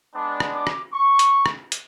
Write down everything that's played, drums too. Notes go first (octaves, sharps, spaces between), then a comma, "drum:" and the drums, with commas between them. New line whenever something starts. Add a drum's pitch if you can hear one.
G#3 B3 D4
drum: rim click
D6
drum: rim click
C#6
drum: hi-hat
drum: rim click
drum: hi-hat